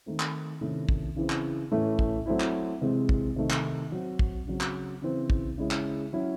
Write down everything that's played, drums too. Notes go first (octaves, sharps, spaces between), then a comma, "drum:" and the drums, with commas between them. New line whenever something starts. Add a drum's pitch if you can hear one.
D#3 A3 C4
drum: clap
C3 D#3 A3 C#4 E4
drum: kick
C#3 E3 C4
drum: clap
A2 E3 A3 C#4 E4
drum: kick
F#3 A3 C4 E4
drum: clap
C3 E3 G#3 C4
drum: kick
C3 D#3 A3 D#4
drum: clap
F#3 C4 F#4
drum: kick
C#3 F#3 C4 F#4
drum: clap
C#3 E3 C4
drum: kick
C#3 G#3 C#4 E4
drum: clap
F#3 C#4 E4